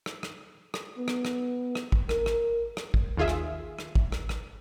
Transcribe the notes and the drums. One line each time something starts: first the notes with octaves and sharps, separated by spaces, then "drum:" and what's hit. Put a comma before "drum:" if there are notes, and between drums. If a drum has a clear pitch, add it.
drum: rim click
drum: rim click
drum: rim click
B3
drum: rim click
drum: rim click
drum: rim click
drum: kick
A#4, drum: rim click
drum: rim click
drum: rim click
drum: kick
D#2 D#3 F4 G#4 E5
drum: rim click
drum: rim click
drum: kick
drum: rim click
drum: rim click